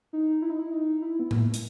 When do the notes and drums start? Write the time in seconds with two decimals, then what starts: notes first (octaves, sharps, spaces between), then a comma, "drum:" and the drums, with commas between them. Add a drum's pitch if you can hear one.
0.13 D#4
0.42 E4
0.50 D#4
0.59 E4
0.72 D#4
1.02 E4
1.19 B3
1.31 A#3, drum: tom A2
1.54 drum: hi-hat